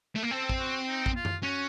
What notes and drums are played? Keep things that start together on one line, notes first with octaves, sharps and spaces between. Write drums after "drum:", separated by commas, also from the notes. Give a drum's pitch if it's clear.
A3
A#3
C4 A4
drum: kick A1
F#4
D#4
drum: kick A1
F4
drum: tom F#2
C#4 F#4